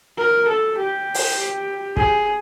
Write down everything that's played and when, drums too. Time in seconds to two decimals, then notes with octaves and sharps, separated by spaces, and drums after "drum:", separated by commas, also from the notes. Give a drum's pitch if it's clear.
0.18 A#4
0.48 A4
0.77 G4
1.14 drum: open hi-hat
1.97 G#4, drum: kick